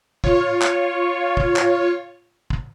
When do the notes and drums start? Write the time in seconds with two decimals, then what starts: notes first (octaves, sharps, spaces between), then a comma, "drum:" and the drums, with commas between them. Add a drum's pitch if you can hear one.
0.24 F4 C#5, drum: kick
0.61 drum: clap
1.37 drum: kick
1.56 drum: clap
2.50 drum: kick